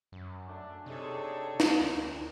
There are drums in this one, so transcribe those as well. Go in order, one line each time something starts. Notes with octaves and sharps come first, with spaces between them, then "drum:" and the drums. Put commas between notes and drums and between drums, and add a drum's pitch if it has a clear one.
F#2
A3 D4
C3 D4 D#4 G#4 A4 C#5
drum: snare
D2 A#4